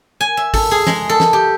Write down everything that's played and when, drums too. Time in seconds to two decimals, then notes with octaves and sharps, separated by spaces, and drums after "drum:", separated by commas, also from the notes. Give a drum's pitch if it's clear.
0.21 G#5
0.37 E5
0.54 A4, drum: kick, open hi-hat
0.71 G#4
0.87 G#3, drum: snare
1.09 A4
1.20 drum: snare
1.33 G4